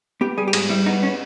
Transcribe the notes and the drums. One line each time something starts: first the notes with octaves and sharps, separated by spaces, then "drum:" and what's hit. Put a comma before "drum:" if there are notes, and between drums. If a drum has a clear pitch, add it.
B3 G4
G3 G#4
G4
G#2 G#4, drum: cymbal
G3 E4
B3 D#4
C#4